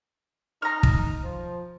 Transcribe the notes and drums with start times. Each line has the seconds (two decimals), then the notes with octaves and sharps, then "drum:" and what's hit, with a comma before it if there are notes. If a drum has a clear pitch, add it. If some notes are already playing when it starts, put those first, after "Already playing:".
0.62 D#4 A#5 F6
0.83 drum: kick
1.24 F3